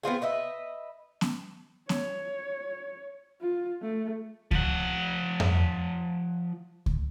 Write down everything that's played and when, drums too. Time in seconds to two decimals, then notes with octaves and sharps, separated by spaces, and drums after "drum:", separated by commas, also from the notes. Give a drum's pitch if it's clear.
0.03 B3 C4 F4 G#4
0.22 B4 D#5 E5
1.21 drum: snare B3
1.89 C#5, drum: snare B3
3.41 F4
3.82 A3
4.51 F3 F#5, drum: kick C#2
5.40 drum: tom F2
6.86 drum: kick C#2